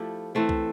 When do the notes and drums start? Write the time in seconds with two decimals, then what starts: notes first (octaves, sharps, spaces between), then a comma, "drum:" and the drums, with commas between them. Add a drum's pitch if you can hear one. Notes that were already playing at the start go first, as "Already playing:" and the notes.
Already playing: F3 A3 E4 G4
0.35 E3 A3 C4
0.49 drum: kick C2